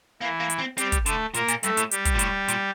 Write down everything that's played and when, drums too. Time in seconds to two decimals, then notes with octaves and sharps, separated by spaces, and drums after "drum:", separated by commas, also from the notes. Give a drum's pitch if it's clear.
0.21 E3 A#3 E4
0.40 A#3
0.50 drum: hi-hat
0.59 C4
0.78 G3 C4 G4, drum: hi-hat
0.92 drum: kick, hi-hat
1.06 D3 A3 A4, drum: hi-hat
1.34 A#2 A#3 A#4, drum: hi-hat
1.48 A#2, drum: hi-hat
1.63 G2 A3 A4, drum: hi-hat
1.77 A2, drum: hi-hat
1.91 G3 G4, drum: hi-hat
2.05 drum: kick, hi-hat
2.15 A#2
2.19 A2, drum: hi-hat
2.48 A#2, drum: hi-hat